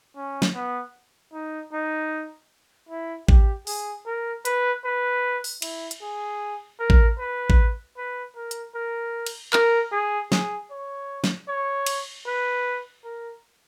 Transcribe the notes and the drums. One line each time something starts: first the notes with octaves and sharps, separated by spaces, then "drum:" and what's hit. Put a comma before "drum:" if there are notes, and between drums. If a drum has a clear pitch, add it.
C#4
drum: snare
B3
D#4
D#4
E4
G4, drum: kick
G#4, drum: open hi-hat
A#4
B4, drum: hi-hat
B4
drum: open hi-hat
E4, drum: cymbal
drum: hi-hat
G#4
A#4
drum: kick
B4
drum: kick
B4
A#4
drum: hi-hat
A#4
drum: cymbal
A#4, drum: clap
G#4
G#4, drum: snare
C#5
drum: snare
C#5
drum: cymbal
B4
A#4